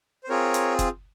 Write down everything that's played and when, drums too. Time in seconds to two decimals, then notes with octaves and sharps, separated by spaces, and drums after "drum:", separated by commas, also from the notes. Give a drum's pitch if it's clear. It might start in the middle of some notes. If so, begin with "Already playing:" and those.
0.24 C5
0.29 C4 F4 G#4 A#4 C#5
0.54 drum: hi-hat
0.79 drum: kick F#1, hi-hat